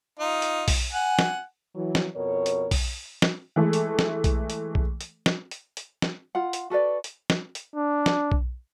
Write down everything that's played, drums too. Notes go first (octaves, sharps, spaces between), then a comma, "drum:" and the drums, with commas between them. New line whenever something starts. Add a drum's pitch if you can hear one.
D#4 F4
drum: hi-hat
drum: kick B1, open hi-hat
F#5 G#5
drum: snare
E3 F#3
drum: snare
F2 B2 A#4 C#5
drum: hi-hat
drum: kick B1, open hi-hat
drum: snare
E3 G#3 A3 A4
drum: hi-hat
drum: snare
drum: kick B1, hi-hat
drum: hi-hat
drum: kick B1
drum: hi-hat
drum: snare
drum: hi-hat
drum: hi-hat
drum: snare
F4 F#5
drum: hi-hat
F#4 A4 B4 D5
drum: hi-hat
drum: snare
drum: hi-hat
D4
drum: snare
drum: kick B1